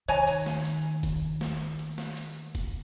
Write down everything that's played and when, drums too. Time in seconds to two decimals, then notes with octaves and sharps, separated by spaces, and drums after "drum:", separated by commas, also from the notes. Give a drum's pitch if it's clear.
0.08 D#3 C#5 G#5 A#5
0.27 drum: hi-hat
0.46 drum: snare
0.65 drum: hi-hat
1.03 drum: kick F1, hi-hat
1.41 drum: snare
1.79 drum: hi-hat
1.98 drum: snare
2.17 drum: hi-hat
2.55 drum: kick F1, hi-hat